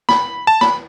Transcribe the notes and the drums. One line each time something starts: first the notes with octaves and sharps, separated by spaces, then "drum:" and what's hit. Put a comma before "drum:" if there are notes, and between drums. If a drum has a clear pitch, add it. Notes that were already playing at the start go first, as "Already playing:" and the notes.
B5, drum: snare
A5
B5, drum: snare